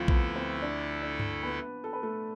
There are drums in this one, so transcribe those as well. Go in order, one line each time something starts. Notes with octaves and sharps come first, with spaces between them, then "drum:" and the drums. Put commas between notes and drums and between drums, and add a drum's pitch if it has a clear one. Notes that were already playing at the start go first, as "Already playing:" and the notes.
Already playing: D2 D3 F3 A3 C4 E4 F4 A4
B3 B4, drum: kick A#1
C4 C5
D4 D5
D4 D5
drum: tom G2
B3 B4
A4
B4
A3 A4